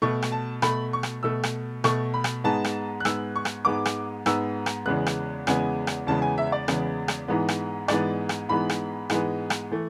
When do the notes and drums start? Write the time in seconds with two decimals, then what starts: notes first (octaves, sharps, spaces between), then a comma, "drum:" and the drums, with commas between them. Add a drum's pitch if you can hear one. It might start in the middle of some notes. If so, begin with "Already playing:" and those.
0.02 B2 A3 C#6
0.22 drum: rim click
0.32 A5
0.62 B2 A3 B5, drum: rim click
0.93 C#6
1.03 drum: rim click
1.23 B2 A3 E6
1.43 drum: rim click
1.84 B2 A3 C#6, drum: rim click
2.14 B5
2.24 drum: rim click
2.44 G#2 G#3 B3 A5
2.64 drum: rim click
3.00 F#6
3.05 G#2 G#3 B3 E6, drum: rim click
3.36 C#6
3.45 drum: rim click
3.65 G#2 G#3 B3 D6
3.85 drum: rim click
4.26 G#2 G#3 B3 E6, drum: rim click
4.66 drum: rim click
4.86 E2 C#3 G#3 B3 F#6
5.06 drum: rim click
5.47 E2 C#3 G#3 B3 G#5, drum: rim click
5.87 drum: rim click
6.07 E2 C#3 G#3 B3 A5
6.22 G#5
6.38 E5
6.52 D5
6.68 E2 C#3 G#3 B3, drum: rim click
7.08 drum: rim click
7.28 G#2 E3 G#3 B3
7.48 drum: rim click
7.88 G#2 E3 G#3 B3 D5, drum: rim click
8.29 drum: rim click
8.49 G#2 E3 G#3 B3 B5
8.69 drum: rim click
9.10 G#2 E3 G#3 B3, drum: rim click
9.50 drum: rim click
9.71 E3 A3